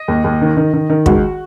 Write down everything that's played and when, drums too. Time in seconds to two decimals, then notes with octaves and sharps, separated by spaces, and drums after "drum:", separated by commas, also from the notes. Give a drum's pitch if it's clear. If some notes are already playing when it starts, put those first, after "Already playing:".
Already playing: D#5
0.08 D#2
0.24 D#2
0.41 D#3
0.57 D#3
0.73 D#3
0.90 D#3
1.06 C#2 F#4, drum: kick